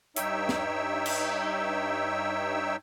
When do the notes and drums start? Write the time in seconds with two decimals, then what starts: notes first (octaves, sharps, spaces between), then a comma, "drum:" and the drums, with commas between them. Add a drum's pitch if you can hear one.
0.16 G2 D#4 C#5 E5 G5 E6, drum: hi-hat
0.49 drum: snare
1.06 drum: cymbal